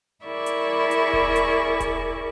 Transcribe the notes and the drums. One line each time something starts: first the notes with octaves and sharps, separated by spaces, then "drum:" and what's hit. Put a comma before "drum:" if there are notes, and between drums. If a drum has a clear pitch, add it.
E4 G#4 A#4 D5 E5 C#6
drum: hi-hat
drum: hi-hat
drum: kick E1
drum: hi-hat
drum: kick E1, hi-hat